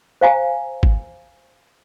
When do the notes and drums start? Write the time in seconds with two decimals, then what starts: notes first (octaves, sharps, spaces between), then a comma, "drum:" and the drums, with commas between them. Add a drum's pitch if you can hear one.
0.21 C5 F5 G#5 A#5
0.83 drum: kick